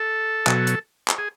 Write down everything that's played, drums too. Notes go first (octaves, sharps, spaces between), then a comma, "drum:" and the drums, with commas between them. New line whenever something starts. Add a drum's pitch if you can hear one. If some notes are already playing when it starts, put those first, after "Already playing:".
Already playing: A4
B2 F#3, drum: clap
drum: hi-hat
drum: clap
G#4